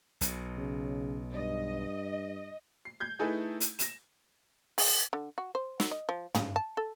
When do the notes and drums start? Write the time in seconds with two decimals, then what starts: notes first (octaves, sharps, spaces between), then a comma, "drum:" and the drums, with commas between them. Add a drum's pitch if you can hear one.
0.21 B1 B2, drum: hi-hat
0.57 C#3
1.34 G2 D#5
2.85 C7
3.00 G6 G#6
3.19 A3 D#4 E4 G#4 A4 B4
3.60 drum: hi-hat
3.79 A#6 E7, drum: hi-hat
4.78 G#4, drum: open hi-hat
5.13 D3
5.38 F#4
5.55 C5
5.80 F#3, drum: snare
5.91 D#5
6.09 F3
6.35 C#3, drum: tom
6.56 A5
6.77 A4